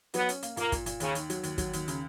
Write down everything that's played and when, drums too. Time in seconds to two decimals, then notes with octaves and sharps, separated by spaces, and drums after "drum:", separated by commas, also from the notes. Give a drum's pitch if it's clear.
0.14 F#3 B3, drum: hi-hat
0.29 C#4, drum: hi-hat
0.43 A#3, drum: hi-hat
0.57 A#2 A#3, drum: hi-hat
0.72 A#2, drum: kick, hi-hat
0.86 A#2, drum: hi-hat
1.00 D#2 C#3, drum: hi-hat
1.15 D#3, drum: hi-hat
1.30 F#3, drum: hi-hat
1.43 D#2, drum: hi-hat
1.58 F#3, drum: kick, hi-hat
1.73 D#2, drum: hi-hat
1.88 C#3, drum: hi-hat